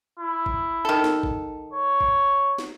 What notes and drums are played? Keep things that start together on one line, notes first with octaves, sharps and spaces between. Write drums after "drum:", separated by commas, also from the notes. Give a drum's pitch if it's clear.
E4
drum: kick
D#3 A4
drum: snare
drum: kick
C#5
drum: kick
drum: snare